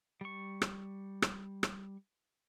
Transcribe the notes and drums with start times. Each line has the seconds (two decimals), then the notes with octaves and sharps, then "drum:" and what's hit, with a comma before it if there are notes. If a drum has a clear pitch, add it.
0.21 G3 C#6
0.62 drum: rim click
1.22 drum: rim click
1.63 drum: rim click